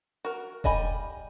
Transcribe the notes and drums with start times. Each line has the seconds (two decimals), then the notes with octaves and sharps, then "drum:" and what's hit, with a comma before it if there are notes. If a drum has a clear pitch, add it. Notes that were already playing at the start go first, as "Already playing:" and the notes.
0.25 F#4 A#4
0.64 G3 D#5 G#5 B5, drum: kick E1